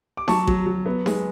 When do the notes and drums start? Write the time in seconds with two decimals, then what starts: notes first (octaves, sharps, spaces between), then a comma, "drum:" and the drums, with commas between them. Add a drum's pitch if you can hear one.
0.17 D6
0.28 F#3 A5 C#6, drum: snare D#4
0.47 F#3, drum: kick A1
0.66 F#3
0.86 B3
1.06 G#3, drum: snare D#4